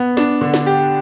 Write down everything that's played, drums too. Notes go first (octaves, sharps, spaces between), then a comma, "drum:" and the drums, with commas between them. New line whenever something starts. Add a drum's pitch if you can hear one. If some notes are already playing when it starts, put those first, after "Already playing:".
Already playing: B3
D4, drum: snare
D3
drum: snare
G4